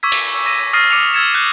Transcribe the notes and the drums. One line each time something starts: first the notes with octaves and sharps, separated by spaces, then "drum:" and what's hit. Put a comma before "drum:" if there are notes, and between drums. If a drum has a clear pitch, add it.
C#6 D6 E6 G#6 B6
drum: cymbal
A#6 D#7
D#6 F6 A6 A#6 C7 D#7
D6 C#7 D#7 F7
E6 F6 G#6 A6 C#7 E7
F#6 G6 C7 E7